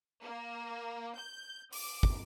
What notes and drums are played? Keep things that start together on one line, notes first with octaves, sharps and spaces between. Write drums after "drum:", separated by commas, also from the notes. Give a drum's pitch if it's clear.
A#3
G6
D6, drum: open hi-hat
drum: kick